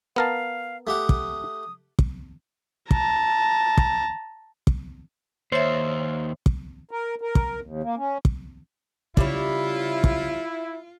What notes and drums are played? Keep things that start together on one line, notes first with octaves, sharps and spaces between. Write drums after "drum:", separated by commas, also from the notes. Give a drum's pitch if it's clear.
B3 A#4 F5 A5
A3 G4 F#5 D#6
drum: kick
drum: kick
A5 A#5, drum: kick
drum: kick
drum: kick
D#2 C5 C#5 E5
drum: kick
A#4
A#4
drum: kick
D#2
A#3
C#4
drum: kick
C#3 G3 E4 F4 C#5, drum: kick
drum: kick